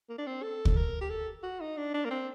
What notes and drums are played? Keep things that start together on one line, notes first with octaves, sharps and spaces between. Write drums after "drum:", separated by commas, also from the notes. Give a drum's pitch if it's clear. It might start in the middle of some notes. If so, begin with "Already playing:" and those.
A#3
D4
C4
A4
drum: kick
A#4
G4
A4
F#4
D#4
D4
D4
A#3
C4